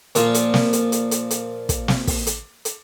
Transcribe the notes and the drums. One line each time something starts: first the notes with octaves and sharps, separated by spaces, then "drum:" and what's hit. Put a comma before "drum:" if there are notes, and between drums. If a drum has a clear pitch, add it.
A#2 F3, drum: hi-hat
drum: hi-hat
drum: snare
drum: hi-hat
drum: hi-hat
drum: hi-hat
drum: hi-hat
drum: kick, hi-hat
drum: snare
drum: kick, open hi-hat
drum: hi-hat
drum: hi-hat